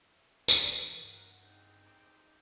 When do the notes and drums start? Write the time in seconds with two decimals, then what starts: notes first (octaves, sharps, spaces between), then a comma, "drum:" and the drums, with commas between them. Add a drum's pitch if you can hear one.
0.10 E5
0.48 E3, drum: tambourine
1.02 G2 A#4 F#5
1.43 C4 D#4 G#4
1.86 D6